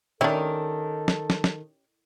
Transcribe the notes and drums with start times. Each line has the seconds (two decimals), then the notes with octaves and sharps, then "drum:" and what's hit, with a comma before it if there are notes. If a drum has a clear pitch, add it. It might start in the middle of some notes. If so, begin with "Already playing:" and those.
0.21 D#3 C#4 D4 E4 G4 A4
1.08 drum: snare
1.30 drum: snare
1.44 drum: snare